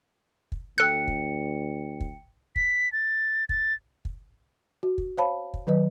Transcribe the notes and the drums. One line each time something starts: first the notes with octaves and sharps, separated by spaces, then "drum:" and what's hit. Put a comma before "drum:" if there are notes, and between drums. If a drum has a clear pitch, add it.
drum: kick
D2 A4 G5 F#6 C#7
drum: kick
drum: kick
B6, drum: kick
A6
A6, drum: kick
drum: kick
F#4
drum: kick
C5 C#5 F5 A5 B5
drum: kick
D#3 F#3 B4 D#5